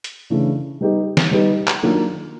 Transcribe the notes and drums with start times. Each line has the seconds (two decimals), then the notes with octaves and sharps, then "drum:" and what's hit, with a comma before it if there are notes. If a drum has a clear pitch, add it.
0.04 drum: hi-hat
0.30 C#3 E3 A3 D4
0.81 G3 B3 D#4 G4
1.17 drum: snare
1.31 G3 B3 D#4 G4
1.67 drum: clap
1.82 D#3 F#3 A#3 D4 F4